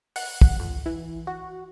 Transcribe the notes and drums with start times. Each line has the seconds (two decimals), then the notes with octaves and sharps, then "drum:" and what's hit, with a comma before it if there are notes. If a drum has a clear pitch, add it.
0.16 F#5, drum: open hi-hat
0.41 drum: kick
0.59 F2
0.86 E3
1.27 F#4